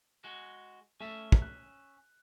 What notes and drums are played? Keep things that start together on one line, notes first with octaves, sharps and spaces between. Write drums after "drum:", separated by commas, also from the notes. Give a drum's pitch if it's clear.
G#3 F#4
A3 C#4 E5
drum: kick
F#6